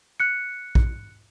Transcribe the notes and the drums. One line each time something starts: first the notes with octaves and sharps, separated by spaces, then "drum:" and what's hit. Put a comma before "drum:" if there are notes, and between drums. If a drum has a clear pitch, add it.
F#6 C#7
drum: kick A#1